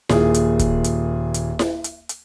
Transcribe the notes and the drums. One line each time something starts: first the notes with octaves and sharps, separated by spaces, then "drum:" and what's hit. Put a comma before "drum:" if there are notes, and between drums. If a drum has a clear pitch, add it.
D#1 A#2 G#4, drum: snare E4
drum: hi-hat
drum: kick, hi-hat
drum: hi-hat
drum: hi-hat
drum: snare E4
drum: hi-hat
drum: hi-hat